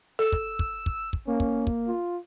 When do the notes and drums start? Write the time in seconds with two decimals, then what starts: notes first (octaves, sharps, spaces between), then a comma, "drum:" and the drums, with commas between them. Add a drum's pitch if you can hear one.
0.19 A4 E6
0.32 drum: kick
0.59 drum: kick
0.86 drum: kick
1.13 drum: kick
1.27 A#3 C#4
1.40 drum: kick
1.67 drum: kick
1.88 F4